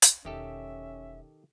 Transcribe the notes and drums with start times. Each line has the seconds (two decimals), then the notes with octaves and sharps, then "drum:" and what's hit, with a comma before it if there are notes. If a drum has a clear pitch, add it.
0.02 drum: hi-hat
0.25 E1 D#3 C#4 G4 A4 E5